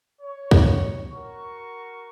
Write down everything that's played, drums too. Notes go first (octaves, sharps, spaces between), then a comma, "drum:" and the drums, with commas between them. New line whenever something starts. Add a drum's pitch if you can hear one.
C#5
drum: kick
F#4 A#4 C#6